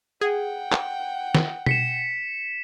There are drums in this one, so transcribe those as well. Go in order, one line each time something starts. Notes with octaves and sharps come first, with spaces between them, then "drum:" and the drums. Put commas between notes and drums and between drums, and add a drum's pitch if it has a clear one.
G#4 F#5 G5
drum: clap
drum: snare
B6 C#7 E7, drum: tom B2